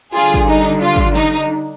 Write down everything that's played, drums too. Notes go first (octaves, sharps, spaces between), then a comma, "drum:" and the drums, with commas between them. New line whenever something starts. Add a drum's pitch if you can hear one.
D3 G3 D4 F4 G#4
drum: kick
D#4
F4
drum: kick
D#4, drum: snare